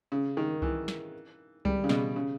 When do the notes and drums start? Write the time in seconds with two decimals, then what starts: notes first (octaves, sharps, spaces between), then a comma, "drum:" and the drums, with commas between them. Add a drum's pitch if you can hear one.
0.12 C#3
0.37 D#3
0.62 E3, drum: kick C2
0.88 drum: snare
1.65 G3, drum: kick C2
1.84 C#3
1.89 B2, drum: snare
2.16 C#3